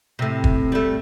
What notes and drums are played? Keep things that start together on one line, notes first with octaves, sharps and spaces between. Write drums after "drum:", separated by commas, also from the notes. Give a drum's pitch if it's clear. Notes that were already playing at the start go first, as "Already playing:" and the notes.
A2 C3
drum: kick
G3 A3